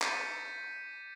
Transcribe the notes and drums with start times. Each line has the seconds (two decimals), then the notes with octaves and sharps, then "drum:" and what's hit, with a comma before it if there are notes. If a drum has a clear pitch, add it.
0.02 D6 G6 A6 B6 C#7 D#7, drum: clap